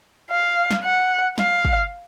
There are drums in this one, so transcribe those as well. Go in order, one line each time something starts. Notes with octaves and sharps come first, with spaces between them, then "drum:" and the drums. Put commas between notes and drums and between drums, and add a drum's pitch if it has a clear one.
F5
drum: snare
F#5
F5, drum: snare
drum: kick